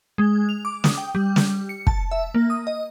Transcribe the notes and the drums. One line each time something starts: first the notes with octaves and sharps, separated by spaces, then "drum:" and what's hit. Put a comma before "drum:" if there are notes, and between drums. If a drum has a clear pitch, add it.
G#3
F7
D6
D#6, drum: snare
G5
G3
drum: snare
C#7
A5, drum: kick
E5
A#3
D#6
D#5